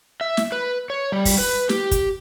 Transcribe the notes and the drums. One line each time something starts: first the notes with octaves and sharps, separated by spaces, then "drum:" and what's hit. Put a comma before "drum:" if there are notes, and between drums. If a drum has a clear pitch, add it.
E5
drum: snare
B4
C#5
G3
drum: kick, open hi-hat
B4
G4, drum: snare
drum: kick, hi-hat